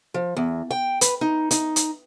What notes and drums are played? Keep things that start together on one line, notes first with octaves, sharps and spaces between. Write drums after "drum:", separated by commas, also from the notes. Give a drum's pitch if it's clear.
F3
E2
G5
B4, drum: hi-hat
D#4
D#4, drum: hi-hat
drum: hi-hat